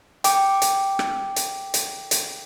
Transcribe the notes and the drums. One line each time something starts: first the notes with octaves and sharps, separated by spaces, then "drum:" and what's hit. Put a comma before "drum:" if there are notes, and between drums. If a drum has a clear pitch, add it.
G5 D6, drum: hi-hat
drum: hi-hat
drum: rim click
drum: hi-hat
drum: hi-hat
drum: hi-hat